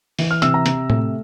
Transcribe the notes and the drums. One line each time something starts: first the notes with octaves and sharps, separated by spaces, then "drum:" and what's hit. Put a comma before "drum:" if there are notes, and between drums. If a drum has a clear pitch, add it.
E3, drum: open hi-hat
F6
C3 E6, drum: hi-hat
A#5
C3, drum: hi-hat
A3, drum: tom A2